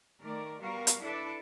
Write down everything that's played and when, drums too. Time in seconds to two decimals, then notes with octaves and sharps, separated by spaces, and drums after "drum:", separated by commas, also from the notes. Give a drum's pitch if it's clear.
0.22 D#3 A3 A#4 D5
0.61 G3 B3 F#4 A#4 F5
0.87 drum: hi-hat
1.02 D4 E4 A4 B4 D5